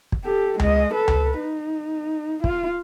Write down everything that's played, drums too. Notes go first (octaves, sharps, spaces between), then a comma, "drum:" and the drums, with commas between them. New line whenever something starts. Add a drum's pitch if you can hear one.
drum: kick
G4 A4
G#3 D#5, drum: tom C#2
A4 B4
drum: tom C#2
D#4
F4, drum: kick